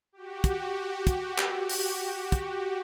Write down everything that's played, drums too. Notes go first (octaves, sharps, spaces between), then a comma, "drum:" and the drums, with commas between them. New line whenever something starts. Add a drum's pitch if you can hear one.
F#4 G4
drum: kick, hi-hat
drum: kick, hi-hat
drum: clap
drum: open hi-hat
drum: kick, hi-hat